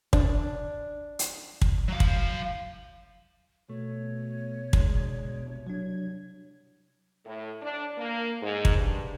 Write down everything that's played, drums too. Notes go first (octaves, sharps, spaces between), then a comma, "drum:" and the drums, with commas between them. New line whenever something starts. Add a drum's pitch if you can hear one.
D4, drum: kick
drum: hi-hat
drum: kick
F#3 F5
drum: kick
B2 A3 C#5
G#3 D4, drum: kick
C2
F#3 D4 G#6
A2
D4
A#3
G#2
drum: kick
G2